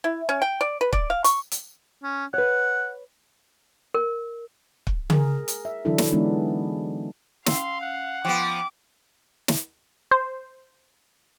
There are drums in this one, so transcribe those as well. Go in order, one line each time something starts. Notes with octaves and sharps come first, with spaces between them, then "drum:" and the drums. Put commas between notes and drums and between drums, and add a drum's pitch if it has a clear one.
E4
C#4
G5
D5
B4
D5, drum: kick
F5
C#6, drum: hi-hat
drum: hi-hat
C#4
B4 C#5 F#5
A#4
drum: kick
G#4 A#4, drum: tom C#3
drum: hi-hat
E5
D3 E3 F#3 D4 E4 A4
drum: snare
D3 E3 G#3 B3 D4 D#4
C#4 F5 C6 E6, drum: snare
F#5
F3 B3 G5 C#6 D6
drum: snare
C5